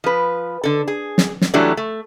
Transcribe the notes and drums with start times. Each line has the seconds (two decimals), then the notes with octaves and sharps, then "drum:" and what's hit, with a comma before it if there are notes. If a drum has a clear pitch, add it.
0.04 F3 B4
0.64 D3 A4
0.88 G#4
1.18 drum: snare
1.41 drum: snare
1.54 E3 F#3 G3 A3 D4
1.77 A3